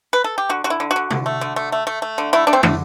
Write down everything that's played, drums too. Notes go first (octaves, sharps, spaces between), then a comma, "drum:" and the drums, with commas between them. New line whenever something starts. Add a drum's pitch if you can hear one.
B4
A4
G4
D3 F#4
D3 F#4
E4
D3
F#4
D3
D3, drum: tom
A3
D3
A3
A3
A3
A3
D3
A3 E4
A3 D4
C4
D3, drum: tom